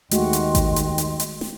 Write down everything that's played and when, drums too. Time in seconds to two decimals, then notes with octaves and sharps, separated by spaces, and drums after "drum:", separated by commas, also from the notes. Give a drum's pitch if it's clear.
0.11 D#2 G#3 A3 F#4 D#5 G5 C6, drum: hi-hat
0.33 drum: hi-hat
0.55 drum: kick A1, hi-hat
0.76 drum: hi-hat
0.98 drum: hi-hat
1.20 drum: hi-hat
1.41 drum: snare